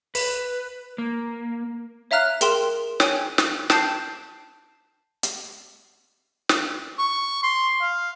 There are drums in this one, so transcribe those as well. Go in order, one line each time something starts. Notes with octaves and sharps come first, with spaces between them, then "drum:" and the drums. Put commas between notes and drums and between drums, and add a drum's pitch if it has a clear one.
B4, drum: open hi-hat
A#3
C#5 E5 F5 A#5 F6 F#6
G#4 A#4 G5 C6 E7, drum: hi-hat
C#5 G5 G#5, drum: snare
drum: snare
G5 A5 G6 C7, drum: snare
drum: hi-hat
drum: snare
C#6
C6
F5